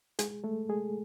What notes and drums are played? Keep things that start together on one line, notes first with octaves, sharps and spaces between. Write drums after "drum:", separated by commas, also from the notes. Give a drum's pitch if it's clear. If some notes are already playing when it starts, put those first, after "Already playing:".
G#3 G#4, drum: hi-hat
G#3 A3 A4
G#3 G#4